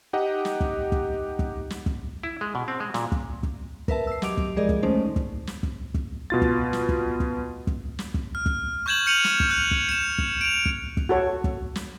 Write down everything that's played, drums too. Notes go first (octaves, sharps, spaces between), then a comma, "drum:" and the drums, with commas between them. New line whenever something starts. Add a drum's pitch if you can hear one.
D#4 G4 D#5 F#5
drum: snare
drum: kick
drum: kick
drum: kick
drum: snare
drum: kick
E4
G#3
B2
C4
G#3
A#2, drum: snare
drum: kick
drum: kick
A#4 B4 E5 A5, drum: kick
E6 C7
F#3 G4 D#5 D6 D7 F7, drum: snare
drum: kick
F3 G#3 G#4 A#4 D5 D#5
drum: kick
D#3 G#3 A3 C#4 D#4 C5
drum: kick
drum: snare
drum: kick
drum: kick
B2 F4 A6
drum: kick
drum: snare
drum: kick
drum: kick
drum: kick
drum: snare
drum: kick
F6
drum: kick
C#6 F6 G6 G#6 E7 F#7
F6 G6 C#7 D#7 F7 F#7
drum: snare
drum: kick
F6 F#6 F7
drum: kick
C#7 E7
drum: kick
D7 F7
drum: kick
drum: kick
F#4 A4 C#5
drum: kick
drum: snare